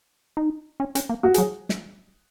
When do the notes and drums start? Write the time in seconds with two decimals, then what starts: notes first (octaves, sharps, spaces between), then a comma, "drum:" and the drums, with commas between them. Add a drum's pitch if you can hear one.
0.37 D#4
0.80 C#4
0.95 C#4, drum: hi-hat
1.09 A#3
1.23 A#3 F#4
1.34 G#4, drum: hi-hat
1.38 F#3
1.69 drum: snare